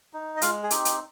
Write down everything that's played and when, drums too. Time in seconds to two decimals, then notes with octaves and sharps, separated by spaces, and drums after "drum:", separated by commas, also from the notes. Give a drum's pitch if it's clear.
0.13 D#4
0.37 D#5
0.42 G#3 F4 F5, drum: hi-hat
0.63 G#4
0.70 C4 D#4 G4, drum: hi-hat
0.85 drum: hi-hat